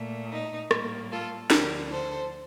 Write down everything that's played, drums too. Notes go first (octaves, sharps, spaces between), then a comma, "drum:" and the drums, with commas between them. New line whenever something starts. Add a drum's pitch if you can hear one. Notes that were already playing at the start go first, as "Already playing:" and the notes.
Already playing: A#2 A3
D#4
A2 G3 A#3, drum: rim click
F4 A4
D2 D3 F3 G4 A#4, drum: snare
A4 C5